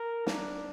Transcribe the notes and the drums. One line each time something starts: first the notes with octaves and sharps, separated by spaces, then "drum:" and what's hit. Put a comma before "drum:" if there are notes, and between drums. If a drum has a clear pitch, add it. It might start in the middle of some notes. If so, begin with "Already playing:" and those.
Already playing: A#4
D4, drum: snare